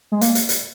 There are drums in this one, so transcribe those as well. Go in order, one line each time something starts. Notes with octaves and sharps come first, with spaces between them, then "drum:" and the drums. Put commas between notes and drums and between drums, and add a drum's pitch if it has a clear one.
G#3
A#3, drum: hi-hat
drum: hi-hat
drum: hi-hat